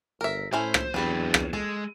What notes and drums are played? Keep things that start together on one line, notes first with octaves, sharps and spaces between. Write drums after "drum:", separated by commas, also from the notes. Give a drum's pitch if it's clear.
G1 A#4 E5
A2 A3 C#4 E4 C5
drum: rim click
E2 F#3 C4 D4 G4 B4
drum: rim click
G#3 A4